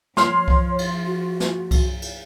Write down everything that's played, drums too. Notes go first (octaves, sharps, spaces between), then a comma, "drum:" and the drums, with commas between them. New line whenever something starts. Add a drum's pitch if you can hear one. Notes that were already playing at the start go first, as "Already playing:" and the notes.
F3 C#5 C6 F6, drum: snare
drum: kick C2
drum: cymbal
F#4
drum: snare
drum: kick C2, cymbal
drum: cymbal